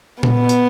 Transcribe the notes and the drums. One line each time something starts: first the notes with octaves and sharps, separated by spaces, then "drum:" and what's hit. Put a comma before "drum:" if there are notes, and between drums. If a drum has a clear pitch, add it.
B3, drum: tom A#2
drum: hi-hat